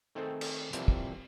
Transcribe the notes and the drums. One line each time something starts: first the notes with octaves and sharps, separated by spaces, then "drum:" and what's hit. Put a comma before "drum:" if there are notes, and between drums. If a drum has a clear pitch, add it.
D#3 A3 C4 G#4 A4 C5
drum: cymbal
C3 E3 F3 G3 A#3 C4, drum: hi-hat
drum: kick